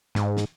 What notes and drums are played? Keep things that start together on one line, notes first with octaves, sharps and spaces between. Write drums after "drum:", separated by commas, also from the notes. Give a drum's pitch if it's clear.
G#2, drum: snare
drum: snare